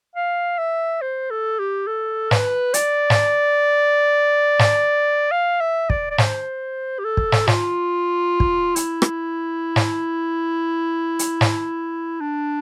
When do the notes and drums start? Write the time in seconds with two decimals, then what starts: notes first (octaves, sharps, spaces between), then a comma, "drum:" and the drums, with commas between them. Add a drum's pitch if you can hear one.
0.16 F5
0.58 E5
1.01 C5
1.31 A4
1.59 G4
1.87 A4
2.31 B4, drum: snare
2.74 D5, drum: hi-hat
3.10 drum: snare
4.59 drum: snare
5.31 F5
5.61 E5
5.90 D5, drum: kick
6.11 D5
6.18 C5, drum: snare
6.99 G4
7.05 A4
7.17 drum: kick
7.32 drum: snare
7.47 F4, drum: snare
8.40 drum: kick
8.76 E4, drum: hi-hat
9.02 drum: rim click
9.76 drum: snare
11.19 drum: hi-hat
11.41 drum: snare
12.21 D4